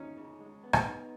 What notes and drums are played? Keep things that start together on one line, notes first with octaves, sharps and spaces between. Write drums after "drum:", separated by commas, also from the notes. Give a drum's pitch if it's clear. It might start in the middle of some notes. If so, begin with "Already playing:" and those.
Already playing: C#4 D#4
C#3
G#3
B3
drum: rim click
D#4